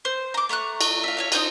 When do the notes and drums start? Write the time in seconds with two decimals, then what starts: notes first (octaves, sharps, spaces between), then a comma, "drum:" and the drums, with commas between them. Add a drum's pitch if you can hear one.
0.05 C5
0.34 A#5 D6
0.49 A3 A#5 C#6 F#6
0.81 drum: cymbal
1.04 E5 F5
1.17 C#5 E5 F5
1.32 D#4 G4 C5 D#5, drum: cymbal